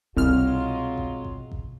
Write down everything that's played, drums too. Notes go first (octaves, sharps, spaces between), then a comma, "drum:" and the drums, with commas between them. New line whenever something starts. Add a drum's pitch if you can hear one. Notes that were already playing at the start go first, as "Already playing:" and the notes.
C2 B2 F#3 G#3 C4 F4 F6
drum: kick G#1
drum: kick G#1
drum: kick G#1